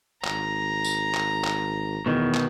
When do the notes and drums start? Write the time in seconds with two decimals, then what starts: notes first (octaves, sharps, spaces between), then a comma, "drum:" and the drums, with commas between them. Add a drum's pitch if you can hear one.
0.24 G#1 A#5, drum: clap
0.84 drum: tambourine
1.14 drum: clap
1.44 drum: clap
2.06 E2 B2 D#3
2.34 drum: clap